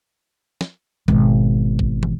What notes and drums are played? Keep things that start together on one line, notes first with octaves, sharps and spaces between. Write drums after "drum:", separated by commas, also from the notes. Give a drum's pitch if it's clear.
drum: snare
G#1 B2, drum: kick A#1
drum: kick A#1
drum: tom